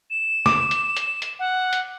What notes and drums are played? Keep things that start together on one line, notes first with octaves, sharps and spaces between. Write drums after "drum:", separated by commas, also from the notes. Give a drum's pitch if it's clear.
E7
D6, drum: snare
drum: hi-hat
drum: hi-hat
drum: hi-hat
F#5
drum: hi-hat